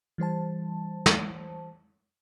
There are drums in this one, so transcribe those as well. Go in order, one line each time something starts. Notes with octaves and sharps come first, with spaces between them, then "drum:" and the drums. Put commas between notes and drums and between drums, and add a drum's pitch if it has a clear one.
E3 G3 C5 A5
drum: snare